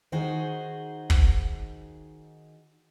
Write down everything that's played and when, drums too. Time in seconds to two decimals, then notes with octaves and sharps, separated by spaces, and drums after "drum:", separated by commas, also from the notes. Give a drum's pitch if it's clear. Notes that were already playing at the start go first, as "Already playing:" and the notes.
0.12 D#3 D#4 F#4 G#4 C5
1.10 drum: kick